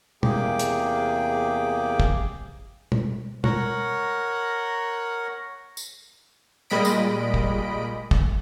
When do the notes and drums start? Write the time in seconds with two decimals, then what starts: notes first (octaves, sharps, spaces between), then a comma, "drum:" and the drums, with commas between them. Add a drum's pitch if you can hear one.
0.23 E2 C3 A#3 G#4 G5 D6, drum: tom
0.59 drum: hi-hat
2.00 drum: kick
2.92 drum: tom
3.44 A#4 C#5 F#5, drum: tom
5.77 drum: tambourine
6.70 A#2 G3 G#3 D#5 B5 D7
6.85 drum: tambourine
7.34 drum: kick
8.11 drum: kick